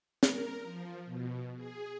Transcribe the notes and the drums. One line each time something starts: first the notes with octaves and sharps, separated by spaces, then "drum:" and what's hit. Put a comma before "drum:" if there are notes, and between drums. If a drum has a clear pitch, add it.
A#4, drum: snare
F3
B2
G#4